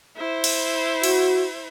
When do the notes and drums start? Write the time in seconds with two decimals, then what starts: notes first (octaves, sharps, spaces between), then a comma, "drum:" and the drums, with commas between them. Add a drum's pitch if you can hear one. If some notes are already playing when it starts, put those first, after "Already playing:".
0.16 E4 C5
0.44 drum: cymbal
1.04 F#4, drum: cymbal